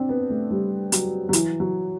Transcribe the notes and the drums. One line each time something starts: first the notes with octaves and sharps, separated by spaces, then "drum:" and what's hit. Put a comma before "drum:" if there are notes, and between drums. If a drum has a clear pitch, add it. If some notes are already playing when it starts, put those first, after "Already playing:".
Already playing: C4 D4
B3
A3
G3
F#3, drum: hi-hat
F#3
E3, drum: hi-hat
F#3